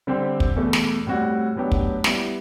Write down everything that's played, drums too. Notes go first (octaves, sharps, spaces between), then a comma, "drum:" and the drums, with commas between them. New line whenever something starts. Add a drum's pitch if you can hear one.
D3 G3 C4 G4 C5
drum: kick
E2 B2 A3
drum: snare
A2 G3 C4 F#4
A2 F#3 B3 D4 G4
drum: kick
G3 B3 E4, drum: snare